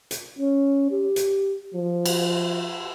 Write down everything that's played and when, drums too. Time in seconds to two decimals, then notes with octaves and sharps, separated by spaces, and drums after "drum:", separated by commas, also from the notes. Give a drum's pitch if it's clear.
0.11 drum: hi-hat
0.39 C#4
0.91 G4
1.16 drum: hi-hat
1.74 F3
2.06 drum: cymbal